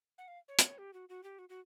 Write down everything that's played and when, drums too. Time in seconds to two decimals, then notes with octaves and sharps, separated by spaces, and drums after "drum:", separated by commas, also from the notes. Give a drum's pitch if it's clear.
0.18 F#5
0.28 F5
0.48 C#5
0.59 drum: hi-hat
0.78 G4
0.93 F#4
1.09 F#4
1.23 G4
1.39 F#4
1.49 F#4